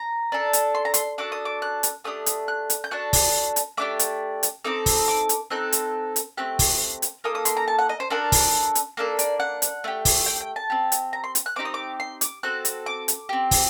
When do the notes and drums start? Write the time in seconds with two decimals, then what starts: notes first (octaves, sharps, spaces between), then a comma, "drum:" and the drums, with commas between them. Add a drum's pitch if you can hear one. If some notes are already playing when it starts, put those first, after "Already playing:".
Already playing: A#5
0.32 D4 A4
0.53 drum: hi-hat
0.75 C6
0.85 A#5
0.94 C6, drum: hi-hat
1.18 D4 F#4 A4 D6
1.32 D#6
1.45 D6
1.62 F#6
1.83 drum: hi-hat
2.04 A3 D4 G4 D#6
2.26 drum: hi-hat
2.48 F#6
2.70 drum: hi-hat
2.84 G6
2.91 D4 F#4 A4 F#6
3.13 drum: kick, open hi-hat
3.56 drum: hi-hat
3.77 A3 D4 G4 D6
3.99 drum: hi-hat
4.43 drum: hi-hat
4.64 C4 D#4 A4 D6
4.86 drum: kick, open hi-hat
5.08 D6
5.29 drum: hi-hat
5.50 C4 D#4 A4 F#6
5.72 drum: hi-hat
6.16 drum: hi-hat
6.37 A3 C4 G4 F#6
6.59 drum: kick, open hi-hat
7.02 drum: hi-hat
7.24 A#3 D#4 A4 D#6
7.35 D#6
7.45 C6, drum: hi-hat
7.57 A#5
7.68 A5
7.79 F#5
7.89 D#5
8.00 C5
8.10 D4 F#4 A4 A#4
8.32 drum: kick, open hi-hat
8.75 drum: hi-hat
8.97 A#3 D4 A4 A#4
9.19 D5, drum: hi-hat
9.40 F#5
9.62 drum: hi-hat
9.84 A3 D4 G4
10.05 drum: kick, open hi-hat
10.26 G5
10.41 G5
10.56 A5
10.70 C4 G4
10.92 drum: hi-hat
11.13 A#5
11.24 C6
11.35 drum: hi-hat
11.46 F#6
11.56 C4 D#4 G4 D6
11.65 D#6
11.74 D6
12.00 C6
12.21 D6, drum: hi-hat
12.43 C4 F#4 A4 F#6
12.65 drum: hi-hat
12.86 D6
13.08 drum: hi-hat
13.29 C4 G4
13.51 drum: kick, open hi-hat